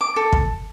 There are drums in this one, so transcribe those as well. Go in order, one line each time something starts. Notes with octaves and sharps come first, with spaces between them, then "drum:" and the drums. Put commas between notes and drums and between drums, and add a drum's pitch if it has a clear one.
D6
A4
drum: kick